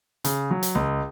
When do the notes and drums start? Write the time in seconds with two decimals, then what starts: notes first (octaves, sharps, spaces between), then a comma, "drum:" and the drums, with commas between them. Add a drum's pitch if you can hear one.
0.24 C#3, drum: hi-hat
0.51 F#3
0.63 drum: hi-hat
0.75 C#2